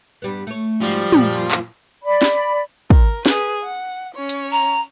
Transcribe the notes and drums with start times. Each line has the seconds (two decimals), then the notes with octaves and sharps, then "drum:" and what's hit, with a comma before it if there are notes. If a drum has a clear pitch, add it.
0.22 G2 G3 B3
0.47 A3 C#5
0.82 G#2 F3 G3 F#4
1.12 F#2 A#2 F#3, drum: tom
1.51 drum: clap
2.03 D5 B5
2.22 drum: snare
2.90 A#4, drum: kick
3.26 G#4 B4, drum: snare
3.63 F#5
4.15 C#4 C#5
4.29 drum: hi-hat
4.52 A#5